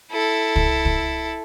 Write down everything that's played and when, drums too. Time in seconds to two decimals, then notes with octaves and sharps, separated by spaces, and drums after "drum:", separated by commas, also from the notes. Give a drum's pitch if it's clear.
0.11 E4 A4
0.56 drum: kick
0.85 drum: kick